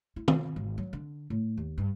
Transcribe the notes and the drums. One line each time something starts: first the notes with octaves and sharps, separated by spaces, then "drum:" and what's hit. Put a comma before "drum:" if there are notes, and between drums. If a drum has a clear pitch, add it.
E4
B3, drum: tom D#3
G#1
F#3
D3
A2
D#2
G2